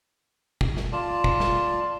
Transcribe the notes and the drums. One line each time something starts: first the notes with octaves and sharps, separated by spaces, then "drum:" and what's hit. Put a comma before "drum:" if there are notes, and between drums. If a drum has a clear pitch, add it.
drum: kick
drum: snare
F4 D5 A5
drum: kick
drum: snare